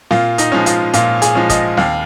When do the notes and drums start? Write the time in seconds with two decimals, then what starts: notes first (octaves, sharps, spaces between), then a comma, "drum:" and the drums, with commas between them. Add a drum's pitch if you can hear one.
0.11 A#2 F4, drum: snare C4
0.38 D#4, drum: hi-hat
0.52 F3 G#3 C#4
0.66 F4, drum: hi-hat
0.94 A#2 F4, drum: hi-hat
1.22 G#4, drum: hi-hat
1.35 F3 G#3 C#4
1.50 D#5, drum: kick, hi-hat
1.77 D#2 F5, drum: snare C4